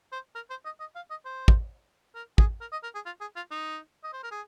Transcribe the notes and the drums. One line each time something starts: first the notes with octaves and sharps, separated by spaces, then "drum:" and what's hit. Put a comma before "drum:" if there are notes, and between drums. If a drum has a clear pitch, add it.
C5
A#4
C5
D#5
D#5
F5
D#5
C5
drum: kick
A#4
G#4, drum: kick
A#4
D#5
A#4
G#4
F4
G#4
F4
D#4
D#5
C5
A#4
G#4